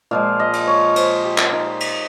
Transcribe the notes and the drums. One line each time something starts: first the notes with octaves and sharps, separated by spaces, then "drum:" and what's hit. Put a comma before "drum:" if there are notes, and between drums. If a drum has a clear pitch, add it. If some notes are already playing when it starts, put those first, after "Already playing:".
A#2 F3 G#3 F5
D#5
drum: cymbal
C#5
C5, drum: cymbal
G4
drum: clap
D#4
drum: cymbal